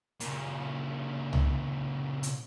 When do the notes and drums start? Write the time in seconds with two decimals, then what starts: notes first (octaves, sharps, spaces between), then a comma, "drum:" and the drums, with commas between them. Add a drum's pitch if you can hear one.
0.20 A#2 C#3, drum: hi-hat
1.33 drum: tom C2
2.23 drum: hi-hat